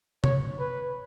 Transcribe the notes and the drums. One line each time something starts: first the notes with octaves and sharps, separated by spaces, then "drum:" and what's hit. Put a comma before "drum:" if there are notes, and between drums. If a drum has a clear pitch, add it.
C#5, drum: tom C3
B4